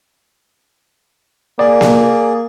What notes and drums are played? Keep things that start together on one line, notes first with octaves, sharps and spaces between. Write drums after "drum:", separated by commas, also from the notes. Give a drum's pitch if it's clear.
A#3 G#4 D5
drum: snare A#3